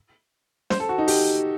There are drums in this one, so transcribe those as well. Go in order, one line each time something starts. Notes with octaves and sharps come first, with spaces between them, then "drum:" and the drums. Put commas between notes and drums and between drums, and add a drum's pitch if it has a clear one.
C5, drum: snare
A4
F#4
D#4
G4, drum: open hi-hat